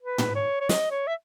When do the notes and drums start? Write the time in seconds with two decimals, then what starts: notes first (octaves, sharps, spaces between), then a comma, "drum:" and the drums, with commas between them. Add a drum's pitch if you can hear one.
0.01 B4
0.18 drum: tom
0.35 C#5
0.60 C#5
0.69 D#5, drum: snare
0.91 C#5
1.07 E5